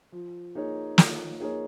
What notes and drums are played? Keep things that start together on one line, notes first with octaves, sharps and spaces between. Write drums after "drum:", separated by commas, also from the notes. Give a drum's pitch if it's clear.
F3
A#3 D#4 G#4 C#5
F3, drum: snare
A#3 D#4 G#4 C#5